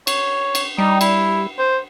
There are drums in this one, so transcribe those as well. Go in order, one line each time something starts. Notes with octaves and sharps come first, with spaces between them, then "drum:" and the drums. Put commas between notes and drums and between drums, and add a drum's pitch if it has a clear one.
C#5, drum: cymbal
drum: cymbal
G3 D#4
E4, drum: cymbal
C5